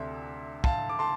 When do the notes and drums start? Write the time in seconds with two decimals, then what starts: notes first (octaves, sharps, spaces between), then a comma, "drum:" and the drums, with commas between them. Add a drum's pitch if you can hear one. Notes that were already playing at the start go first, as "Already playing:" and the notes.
Already playing: D2 C3 D4 E5
0.64 F5 A5, drum: kick
0.89 D6
0.99 A5 C6